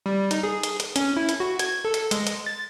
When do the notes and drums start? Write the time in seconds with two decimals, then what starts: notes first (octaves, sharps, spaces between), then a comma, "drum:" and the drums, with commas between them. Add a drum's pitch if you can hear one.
0.06 G3
0.31 D#4, drum: hi-hat
0.43 G#4
0.63 drum: hi-hat
0.80 drum: hi-hat
0.96 C#4, drum: hi-hat
1.17 E4
1.29 drum: hi-hat
1.40 F#4
1.59 G#6, drum: hi-hat
1.85 A4
1.94 drum: hi-hat
2.11 G#3, drum: hi-hat
2.27 drum: hi-hat
2.46 A6